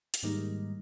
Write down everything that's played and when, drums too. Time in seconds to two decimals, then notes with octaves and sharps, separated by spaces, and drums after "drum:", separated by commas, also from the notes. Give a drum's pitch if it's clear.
0.14 drum: hi-hat
0.23 G#2 D#3 G3 G#3 A#3 D#4